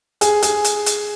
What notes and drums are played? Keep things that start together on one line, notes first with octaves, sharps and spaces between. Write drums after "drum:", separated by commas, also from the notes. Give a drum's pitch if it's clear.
G#4, drum: hi-hat
G#4, drum: hi-hat
drum: hi-hat
drum: hi-hat